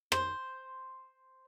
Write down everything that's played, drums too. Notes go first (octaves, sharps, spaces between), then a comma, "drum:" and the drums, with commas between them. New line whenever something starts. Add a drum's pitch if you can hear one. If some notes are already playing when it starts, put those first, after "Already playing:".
C5, drum: rim click